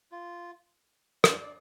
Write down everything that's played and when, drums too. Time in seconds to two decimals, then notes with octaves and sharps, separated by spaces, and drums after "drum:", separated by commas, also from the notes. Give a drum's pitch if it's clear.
0.12 F4
1.24 D5, drum: rim click
1.43 D5